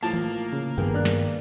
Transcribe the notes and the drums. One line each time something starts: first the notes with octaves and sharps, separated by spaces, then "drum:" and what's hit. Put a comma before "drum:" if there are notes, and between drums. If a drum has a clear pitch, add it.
A2 F3 A#3 A5
drum: tom D#3
C#3
G2 D#3 B3 G#4 A#4 G5
D4 F#6
drum: snare